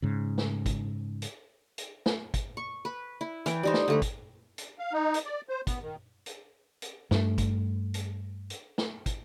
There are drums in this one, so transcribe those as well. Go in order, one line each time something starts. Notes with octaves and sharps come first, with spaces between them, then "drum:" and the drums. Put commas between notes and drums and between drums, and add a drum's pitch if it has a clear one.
G#2 C#3
drum: snare
drum: kick, hi-hat
drum: hi-hat
drum: hi-hat
drum: snare
drum: kick, hi-hat
C#6
B4
E4
E3 G5, drum: hi-hat
G3 D#4 C5
drum: snare
D3 A3 B4
drum: kick, hi-hat
drum: hi-hat
F5
D#4
drum: hi-hat
D5
C5
B3, drum: kick, hi-hat
D#3
drum: hi-hat
drum: hi-hat
G2 A3, drum: snare
drum: kick, hi-hat
drum: hi-hat
drum: hi-hat
drum: snare
drum: kick, hi-hat